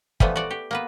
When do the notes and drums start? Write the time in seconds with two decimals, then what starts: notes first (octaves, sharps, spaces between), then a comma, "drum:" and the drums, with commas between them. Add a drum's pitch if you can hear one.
0.20 E3 F3 G3 A3 B3, drum: kick
0.36 F#4 D5
0.51 G4
0.71 A#3 B3 B4